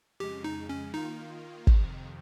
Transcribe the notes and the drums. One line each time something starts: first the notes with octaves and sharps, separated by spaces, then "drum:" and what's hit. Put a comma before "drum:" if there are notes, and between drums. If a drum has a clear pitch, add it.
F2 C#3 G#3 G4
D#4
C#4
D#3 A#3 D#4 F4
F2 C3 D#3, drum: kick